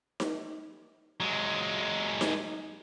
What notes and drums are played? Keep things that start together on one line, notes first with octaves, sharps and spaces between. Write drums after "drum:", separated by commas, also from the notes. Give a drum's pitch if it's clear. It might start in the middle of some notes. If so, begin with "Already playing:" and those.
drum: snare D#4
F#3 G#3
drum: snare D#4